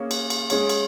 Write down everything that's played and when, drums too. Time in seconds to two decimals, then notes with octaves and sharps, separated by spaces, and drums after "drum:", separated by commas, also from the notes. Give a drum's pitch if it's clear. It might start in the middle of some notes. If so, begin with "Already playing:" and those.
Already playing: A#3 C#4 G#4 C#5
0.11 drum: cymbal
0.30 drum: cymbal
0.50 G#3 C#4 G#4 C#5, drum: cymbal
0.69 drum: cymbal